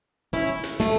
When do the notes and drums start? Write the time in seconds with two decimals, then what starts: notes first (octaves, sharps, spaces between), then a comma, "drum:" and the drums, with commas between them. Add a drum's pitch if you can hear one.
0.33 C#4 E4
0.63 drum: hi-hat
0.80 A3, drum: snare